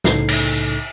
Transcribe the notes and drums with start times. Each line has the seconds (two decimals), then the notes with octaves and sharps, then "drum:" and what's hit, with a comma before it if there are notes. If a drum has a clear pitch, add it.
0.04 C2 A2 C#3 D#4 A4 C7, drum: snare
0.28 drum: cymbal